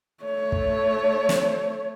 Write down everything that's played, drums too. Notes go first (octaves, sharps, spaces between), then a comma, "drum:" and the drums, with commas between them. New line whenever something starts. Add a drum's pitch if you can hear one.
A3 C#5
drum: kick
drum: snare